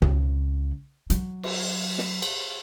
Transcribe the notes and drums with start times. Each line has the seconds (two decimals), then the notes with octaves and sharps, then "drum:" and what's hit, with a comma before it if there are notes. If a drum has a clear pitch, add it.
0.02 C#2 C#3, drum: tom
1.10 F#3, drum: hi-hat
1.43 drum: cymbal
1.98 drum: snare
2.22 drum: cymbal